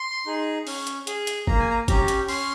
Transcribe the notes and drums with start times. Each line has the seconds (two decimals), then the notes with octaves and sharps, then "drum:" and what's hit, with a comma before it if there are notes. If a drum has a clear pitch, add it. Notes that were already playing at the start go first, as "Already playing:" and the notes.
Already playing: C6
0.26 D#4 G#4
0.67 C#4, drum: open hi-hat
0.87 drum: hi-hat
1.07 G#4, drum: hi-hat
1.27 drum: hi-hat
1.47 A#3 A#5, drum: kick
1.59 G#5
1.71 A#5
1.88 C#4 G4 A#5, drum: kick, hi-hat
2.08 drum: hi-hat
2.28 C#4 C6, drum: open hi-hat